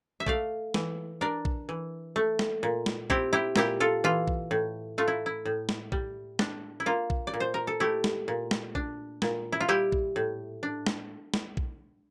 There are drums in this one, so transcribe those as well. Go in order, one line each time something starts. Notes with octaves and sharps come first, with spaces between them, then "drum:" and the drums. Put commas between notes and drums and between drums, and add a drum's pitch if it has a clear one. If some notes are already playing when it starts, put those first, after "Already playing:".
E5
A3 D5 F5, drum: kick A#1
E3, drum: snare
D4 A#4 D5
drum: kick A#1
E3
A3
drum: snare
A#2
drum: snare
C4 E4 G4, drum: kick A#1
E4 G4
A#2 E4 G4, drum: snare
F4 A4
E3 F4
drum: kick A#1
A2
A3 F4
E4
E4
A2
drum: snare
G3, drum: kick A#1
D4, drum: snare
E4
A#3 F4
drum: kick A#1
D5
A#2
C5
A#4
A4
A3 E4 G4
drum: snare
A#2
drum: snare
D4, drum: kick A#1
A#2, drum: snare
E4
F4
G3 E4 G4
drum: kick A#1
A2
D4
drum: snare
drum: snare
drum: kick A#1